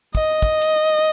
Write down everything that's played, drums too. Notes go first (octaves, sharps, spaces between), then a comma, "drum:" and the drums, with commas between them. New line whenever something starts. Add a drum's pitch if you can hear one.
D#5, drum: kick
drum: kick
drum: hi-hat